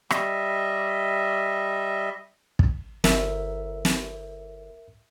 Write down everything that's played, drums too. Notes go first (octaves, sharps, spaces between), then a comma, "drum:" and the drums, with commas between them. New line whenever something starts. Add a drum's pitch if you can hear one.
G3 D#5 E5, drum: rim click
drum: kick
G1 A#4 E5, drum: snare
drum: snare